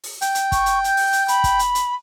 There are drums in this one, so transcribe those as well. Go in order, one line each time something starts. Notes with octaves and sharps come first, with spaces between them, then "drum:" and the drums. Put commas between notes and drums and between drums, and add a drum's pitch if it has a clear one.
drum: open hi-hat
G5, drum: hi-hat
drum: hi-hat
C#6, drum: kick, hi-hat
drum: hi-hat
G6, drum: hi-hat
drum: open hi-hat
drum: hi-hat
B5, drum: hi-hat
drum: kick, hi-hat
drum: hi-hat
drum: hi-hat